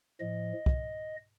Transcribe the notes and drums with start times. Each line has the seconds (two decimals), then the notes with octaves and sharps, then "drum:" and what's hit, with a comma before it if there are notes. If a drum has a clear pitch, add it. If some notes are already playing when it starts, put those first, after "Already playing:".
0.20 A2 F3 D#5
0.66 drum: kick